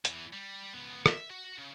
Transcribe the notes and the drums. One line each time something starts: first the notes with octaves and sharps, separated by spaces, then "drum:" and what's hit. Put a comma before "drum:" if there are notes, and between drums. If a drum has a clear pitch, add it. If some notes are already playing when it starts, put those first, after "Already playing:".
E2 E3, drum: hi-hat
G3
C#2 B3
B4 E5, drum: rim click
F#4
C#3